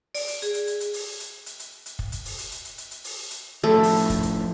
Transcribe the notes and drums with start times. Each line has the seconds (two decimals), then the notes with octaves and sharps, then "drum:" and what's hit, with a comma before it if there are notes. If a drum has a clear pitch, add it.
0.15 D5, drum: open hi-hat
0.28 drum: hi-hat
0.42 G#4, drum: hi-hat
0.54 drum: hi-hat
0.67 drum: hi-hat
0.80 drum: hi-hat
0.94 drum: open hi-hat
1.20 drum: hi-hat
1.46 drum: hi-hat
1.59 drum: hi-hat
1.86 drum: hi-hat
1.99 drum: kick
2.12 drum: hi-hat
2.25 drum: open hi-hat
2.38 drum: hi-hat
2.52 drum: hi-hat
2.65 drum: hi-hat
2.78 drum: hi-hat
2.91 drum: hi-hat
3.04 drum: open hi-hat
3.31 drum: hi-hat
3.64 A2 F3 A3
3.83 drum: open hi-hat
3.96 drum: hi-hat
4.10 drum: kick, hi-hat
4.23 drum: hi-hat